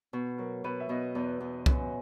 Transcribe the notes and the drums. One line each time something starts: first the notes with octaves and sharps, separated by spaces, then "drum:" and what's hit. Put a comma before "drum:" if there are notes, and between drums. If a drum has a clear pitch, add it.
B2
F#3 A#4
B2 B4
E5
B2 D#5
E2
E2
F#2, drum: kick C2